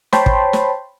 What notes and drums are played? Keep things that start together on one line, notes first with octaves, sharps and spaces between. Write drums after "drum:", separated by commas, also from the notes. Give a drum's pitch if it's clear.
C5 C#5 G5 A5 B5 C6, drum: snare
drum: kick
drum: snare